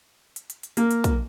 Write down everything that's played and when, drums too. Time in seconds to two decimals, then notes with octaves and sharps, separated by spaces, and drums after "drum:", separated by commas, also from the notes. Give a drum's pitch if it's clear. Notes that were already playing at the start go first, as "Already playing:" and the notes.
0.36 drum: hi-hat
0.50 drum: hi-hat
0.63 drum: hi-hat
0.77 A#3, drum: hi-hat
0.91 drum: hi-hat
1.04 drum: kick, hi-hat